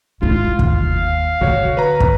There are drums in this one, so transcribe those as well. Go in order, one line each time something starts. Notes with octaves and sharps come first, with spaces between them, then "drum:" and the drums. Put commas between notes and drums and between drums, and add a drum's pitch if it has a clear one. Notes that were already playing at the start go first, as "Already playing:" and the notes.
G#3 E4 F4
D#2 F5, drum: kick
D3 F#4 C#5
B4 A#5
drum: kick